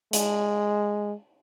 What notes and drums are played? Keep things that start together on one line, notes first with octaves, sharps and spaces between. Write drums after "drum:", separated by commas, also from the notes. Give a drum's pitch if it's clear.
G#3, drum: hi-hat